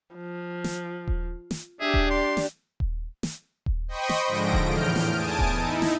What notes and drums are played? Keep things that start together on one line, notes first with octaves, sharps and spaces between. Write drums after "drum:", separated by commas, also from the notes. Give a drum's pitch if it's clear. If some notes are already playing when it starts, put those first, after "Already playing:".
F3
drum: snare
drum: kick D#1
drum: snare
D4 G4 G#4 E5
drum: kick D#1
D5 C6
drum: snare
drum: kick D#1
drum: snare
drum: kick D#1
C5 D#5 G5 B5 C#6 D#6
drum: snare
G#2 D3 F3 A#6 D7
drum: kick D#1
E2 A2 F6 G6 D7
drum: snare
E2 G#5 A5 D#6 D7
drum: kick D#1
D#4 E4
drum: snare